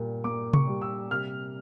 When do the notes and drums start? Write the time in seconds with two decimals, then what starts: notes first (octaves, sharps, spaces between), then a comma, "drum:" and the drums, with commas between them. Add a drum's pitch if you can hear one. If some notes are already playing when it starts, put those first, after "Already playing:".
Already playing: A#2 G3
0.24 A#3 D6
0.53 C#6, drum: tom C3
0.68 G3
0.81 E6
1.11 C3 F6